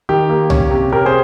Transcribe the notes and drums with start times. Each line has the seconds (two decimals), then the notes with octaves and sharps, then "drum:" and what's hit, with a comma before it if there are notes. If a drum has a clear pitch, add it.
0.09 D#3 G4
0.29 A#3
0.50 C#4, drum: tom C2
0.71 C3
0.92 C3 G4 A#4
1.05 G#4 C5